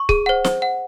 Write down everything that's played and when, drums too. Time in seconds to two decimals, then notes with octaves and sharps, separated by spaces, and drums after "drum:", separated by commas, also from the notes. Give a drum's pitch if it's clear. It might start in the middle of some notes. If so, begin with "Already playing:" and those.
Already playing: C#6
0.09 G#4, drum: kick C#1
0.26 C5 F#5
0.45 C5, drum: snare
0.62 F#5